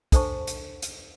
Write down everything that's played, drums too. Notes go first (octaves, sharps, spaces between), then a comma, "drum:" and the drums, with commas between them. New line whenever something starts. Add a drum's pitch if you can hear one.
D4 A4 C5 A5 C#6, drum: kick, hi-hat
drum: hi-hat
drum: hi-hat